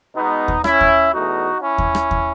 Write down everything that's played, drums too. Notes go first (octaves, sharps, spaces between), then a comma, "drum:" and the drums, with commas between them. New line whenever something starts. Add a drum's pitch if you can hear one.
B2 G#3 B3 D#4
drum: kick D#2
C#4 E4, drum: rim click
drum: kick D#2
E2 B2 A3 D#4 F#4
C#4 E4
drum: kick D#2
drum: rim click
drum: kick D#2